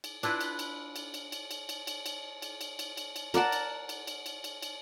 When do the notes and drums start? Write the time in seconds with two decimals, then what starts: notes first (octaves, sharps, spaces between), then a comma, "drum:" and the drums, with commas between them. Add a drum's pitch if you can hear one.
0.04 drum: cymbal
0.23 D4 E4 F4 B4, drum: cymbal
0.41 drum: cymbal
0.59 drum: cymbal
0.96 drum: cymbal
1.14 drum: cymbal
1.32 drum: cymbal
1.51 drum: cymbal
1.69 drum: cymbal
1.87 drum: cymbal
2.06 drum: cymbal
2.42 drum: cymbal
2.61 drum: cymbal
2.79 drum: cymbal
2.97 drum: cymbal
3.16 drum: cymbal
3.34 A#4 D5 F#5 A5, drum: cymbal
3.52 drum: cymbal
3.89 drum: cymbal
4.07 drum: cymbal
4.26 drum: cymbal
4.44 drum: cymbal
4.62 drum: cymbal